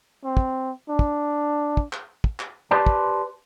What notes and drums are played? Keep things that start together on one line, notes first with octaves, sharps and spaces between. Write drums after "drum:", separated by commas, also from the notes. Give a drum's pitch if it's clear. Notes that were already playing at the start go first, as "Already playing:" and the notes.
C4
drum: kick
D4
drum: kick
drum: kick
drum: clap
drum: kick
drum: clap
G4 B4 C5 D5 A5
drum: kick